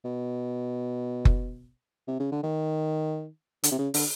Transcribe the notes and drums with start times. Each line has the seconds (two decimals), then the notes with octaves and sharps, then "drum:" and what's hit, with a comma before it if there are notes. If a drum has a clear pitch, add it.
0.05 B2
1.25 drum: kick F#1
2.08 C3
2.20 C#3
2.32 D3
2.43 D#3
3.63 D3, drum: hi-hat
3.72 C3
3.79 C#3
3.94 D3, drum: open hi-hat